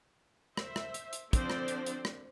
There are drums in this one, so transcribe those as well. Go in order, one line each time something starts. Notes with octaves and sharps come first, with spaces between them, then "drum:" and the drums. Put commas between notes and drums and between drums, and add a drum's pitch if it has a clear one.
C5 E5, drum: rim click
drum: rim click
drum: hi-hat
drum: hi-hat
D3 F3 C4 D4 C5 D5, drum: kick, hi-hat
drum: rim click
drum: hi-hat
drum: hi-hat
drum: rim click